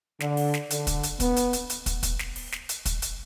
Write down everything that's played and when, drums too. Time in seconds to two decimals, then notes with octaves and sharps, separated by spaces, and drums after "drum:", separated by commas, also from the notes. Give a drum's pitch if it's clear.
0.20 D3, drum: snare
0.37 drum: open hi-hat
0.54 drum: snare
0.70 D3, drum: hi-hat
0.87 drum: kick, hi-hat
1.03 drum: hi-hat
1.20 B3, drum: kick, hi-hat
1.36 drum: hi-hat
1.53 drum: hi-hat
1.70 drum: hi-hat
1.86 drum: kick, hi-hat
2.03 drum: kick, hi-hat
2.19 drum: snare
2.36 drum: open hi-hat
2.52 drum: snare
2.69 drum: hi-hat
2.85 drum: kick, hi-hat
3.02 drum: hi-hat